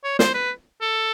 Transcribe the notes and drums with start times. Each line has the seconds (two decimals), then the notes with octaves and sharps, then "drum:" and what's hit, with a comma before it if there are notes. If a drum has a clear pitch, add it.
0.04 C#5
0.19 C5, drum: snare
0.34 B4
0.81 A4